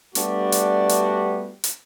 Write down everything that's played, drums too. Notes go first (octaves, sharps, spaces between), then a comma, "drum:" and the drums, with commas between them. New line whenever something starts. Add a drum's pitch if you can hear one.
G3 A3 B3 D4 F#4 G4, drum: hi-hat
drum: hi-hat
drum: hi-hat
drum: hi-hat